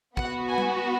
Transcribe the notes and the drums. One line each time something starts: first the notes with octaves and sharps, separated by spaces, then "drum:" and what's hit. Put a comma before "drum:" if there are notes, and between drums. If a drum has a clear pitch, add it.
B3 F#4 F#5, drum: kick
G#5
drum: tom G3